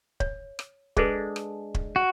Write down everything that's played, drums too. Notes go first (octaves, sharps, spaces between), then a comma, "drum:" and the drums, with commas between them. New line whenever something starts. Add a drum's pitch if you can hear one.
C#5, drum: kick
drum: rim click
G#3 D4 G#4 A4 B4, drum: kick
drum: rim click
drum: kick
F#4